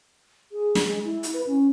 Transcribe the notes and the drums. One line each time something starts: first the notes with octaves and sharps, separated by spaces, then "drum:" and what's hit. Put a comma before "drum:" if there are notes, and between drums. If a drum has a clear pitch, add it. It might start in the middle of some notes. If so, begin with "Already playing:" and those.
G#4
drum: snare
G#3
E4
drum: hi-hat
B4
C#4